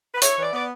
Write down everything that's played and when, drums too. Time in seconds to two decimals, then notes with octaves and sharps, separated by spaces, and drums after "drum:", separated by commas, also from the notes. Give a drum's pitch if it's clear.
0.15 B4
0.22 E4 C#5, drum: hi-hat
0.38 E3 D5
0.53 B3 D5